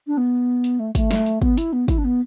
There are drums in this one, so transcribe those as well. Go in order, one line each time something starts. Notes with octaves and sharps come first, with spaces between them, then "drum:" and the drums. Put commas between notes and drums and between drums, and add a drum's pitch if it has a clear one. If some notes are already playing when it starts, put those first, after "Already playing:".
D4
B3
drum: hi-hat
A3
A3, drum: kick, hi-hat
drum: snare
drum: hi-hat
B3, drum: kick
E4, drum: hi-hat
B3
E4, drum: kick, hi-hat
D4
B3